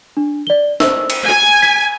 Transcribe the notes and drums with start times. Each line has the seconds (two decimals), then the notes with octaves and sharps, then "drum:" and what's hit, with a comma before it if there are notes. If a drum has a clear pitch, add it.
0.17 D4
0.47 D5 G7
0.80 C5 E6, drum: snare
1.10 drum: cymbal
1.27 G#5
1.62 B6